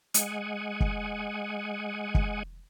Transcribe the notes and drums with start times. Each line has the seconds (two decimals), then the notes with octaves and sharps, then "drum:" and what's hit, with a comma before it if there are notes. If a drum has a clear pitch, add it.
0.14 G#3 F#5 G#5, drum: hi-hat
0.80 drum: kick
2.15 drum: kick